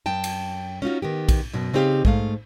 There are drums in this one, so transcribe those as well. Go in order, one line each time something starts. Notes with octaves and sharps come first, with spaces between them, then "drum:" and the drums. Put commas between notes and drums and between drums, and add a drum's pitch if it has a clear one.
F#2 G5 A5
drum: cymbal
C#4 D#4 F4 F#4
D#3 B3 G4
drum: kick A#1, cymbal
F#2 B2
C#3 C4 D#4 G4 C5 F5
G#2 A3 F5, drum: kick A#1